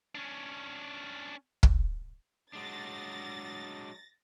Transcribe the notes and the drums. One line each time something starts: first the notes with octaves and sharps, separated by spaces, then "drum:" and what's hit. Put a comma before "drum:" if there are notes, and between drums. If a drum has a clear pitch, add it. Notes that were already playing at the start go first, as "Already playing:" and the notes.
C#4 D4
drum: kick
F#3 G#3 D4 A6 A#6